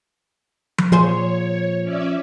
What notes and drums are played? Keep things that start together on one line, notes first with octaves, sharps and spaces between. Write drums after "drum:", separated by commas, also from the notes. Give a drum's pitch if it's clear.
drum: tom F3
A#2 F3 G#4 C5 C#5
C#4 D5 E5